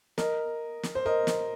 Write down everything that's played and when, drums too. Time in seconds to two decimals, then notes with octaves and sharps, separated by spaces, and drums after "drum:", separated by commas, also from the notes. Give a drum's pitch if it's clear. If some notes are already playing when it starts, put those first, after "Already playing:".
0.18 A#4 D#5, drum: snare
0.83 drum: snare
0.95 C5
1.06 A#4 D#5
1.27 drum: snare